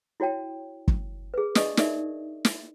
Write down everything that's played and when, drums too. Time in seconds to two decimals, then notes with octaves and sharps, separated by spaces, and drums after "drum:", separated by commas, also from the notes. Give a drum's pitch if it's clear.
0.20 E4 F#4 C#5 G5 A5
0.88 drum: kick
1.34 G#4 B4
1.55 D4 D5 D#5 A5 C#6 D#6, drum: snare
1.77 D#4 A#4 D5 E5, drum: snare
2.45 drum: snare